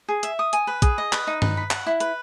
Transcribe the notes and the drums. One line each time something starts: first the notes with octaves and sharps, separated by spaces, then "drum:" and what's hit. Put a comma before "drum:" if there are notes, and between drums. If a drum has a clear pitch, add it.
G#4
E5, drum: hi-hat
D#6
G#5, drum: hi-hat
B4
G#4, drum: kick A#1, hi-hat
D#5
B4, drum: clap
D#4
B4, drum: tom G2
B5
F#5, drum: clap
E4
B4, drum: hi-hat